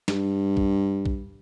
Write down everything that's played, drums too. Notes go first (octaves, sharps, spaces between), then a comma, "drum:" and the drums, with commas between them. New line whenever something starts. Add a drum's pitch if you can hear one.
G2, drum: snare
drum: kick
drum: kick